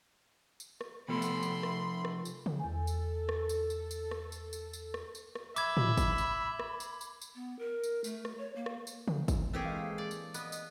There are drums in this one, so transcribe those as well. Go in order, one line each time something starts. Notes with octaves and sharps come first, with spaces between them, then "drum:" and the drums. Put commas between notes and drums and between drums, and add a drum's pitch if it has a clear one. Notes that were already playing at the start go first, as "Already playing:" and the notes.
drum: tambourine
drum: rim click
C3 F3 A3 B3 A4 B5 C6
drum: tambourine
drum: tambourine
drum: rim click
drum: rim click
drum: tambourine
drum: tom C#3
E2 A4 G#5
drum: tambourine
drum: rim click
drum: tambourine
drum: tambourine
drum: tambourine
drum: rim click
drum: tambourine
drum: tambourine
drum: tambourine
drum: rim click
drum: tambourine
drum: rim click
E5 B5 D6 G#6, drum: tambourine
drum: tom A2
drum: kick, tambourine
drum: tambourine
drum: rim click
drum: tambourine
drum: tambourine
drum: tambourine
B3
A#4
drum: tambourine
A3, drum: tambourine
drum: rim click
C#5
A#3
drum: rim click
drum: tambourine
drum: tom C#3
drum: kick, tambourine
E3 A3 A#3 C4 G4 G#4 F6
G#3 F5
D5
drum: tambourine
B3 D#5, drum: tambourine
drum: tambourine